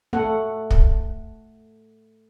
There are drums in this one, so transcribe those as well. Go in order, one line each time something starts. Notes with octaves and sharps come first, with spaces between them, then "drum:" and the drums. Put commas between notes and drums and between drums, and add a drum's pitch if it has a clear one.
A3 A4 F#5
drum: kick